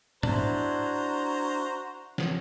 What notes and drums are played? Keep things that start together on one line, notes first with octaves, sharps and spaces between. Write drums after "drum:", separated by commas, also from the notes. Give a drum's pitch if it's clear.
D4 E4 F#4 C5 A#5, drum: tom G#2
drum: snare